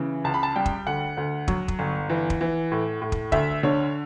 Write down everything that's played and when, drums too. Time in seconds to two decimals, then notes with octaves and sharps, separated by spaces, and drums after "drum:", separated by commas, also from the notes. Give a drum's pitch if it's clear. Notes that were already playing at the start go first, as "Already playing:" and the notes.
Already playing: C#3 E3
0.24 C#2 A5
0.34 B5
0.43 A5
0.56 G3 G5
0.66 drum: kick
0.87 D2 F#5
1.17 D2
1.48 F#3, drum: kick
1.68 drum: kick
1.79 G1
2.10 E3
2.30 drum: kick
2.41 E3
2.72 A2
3.02 A2
3.12 drum: kick
3.32 D2 E5, drum: kick
3.63 D3 C#5